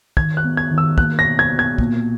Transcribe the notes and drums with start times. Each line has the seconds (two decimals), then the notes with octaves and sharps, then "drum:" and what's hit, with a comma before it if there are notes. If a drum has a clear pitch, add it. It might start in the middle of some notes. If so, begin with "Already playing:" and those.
0.17 D#3 G#6, drum: kick
0.37 F#6
0.44 B3
0.57 G#6
0.71 D#3
0.78 E6
0.98 A#3 F#6, drum: kick
1.19 A#6
1.25 B2
1.39 G#6
1.52 B2
1.59 G#6
1.78 A#2, drum: kick